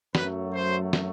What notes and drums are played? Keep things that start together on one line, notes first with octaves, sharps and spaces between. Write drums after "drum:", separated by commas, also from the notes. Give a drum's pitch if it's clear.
F#2 F#3 A3 B4, drum: snare
C5
drum: snare